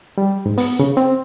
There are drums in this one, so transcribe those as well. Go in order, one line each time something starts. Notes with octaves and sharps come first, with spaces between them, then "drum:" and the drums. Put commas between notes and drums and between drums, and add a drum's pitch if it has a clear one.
G3
G#2
B3, drum: open hi-hat
C#3
C4, drum: hi-hat